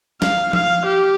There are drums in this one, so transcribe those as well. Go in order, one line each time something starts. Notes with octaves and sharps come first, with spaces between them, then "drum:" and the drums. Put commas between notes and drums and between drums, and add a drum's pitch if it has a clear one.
F5, drum: snare
F5, drum: tom F3
G4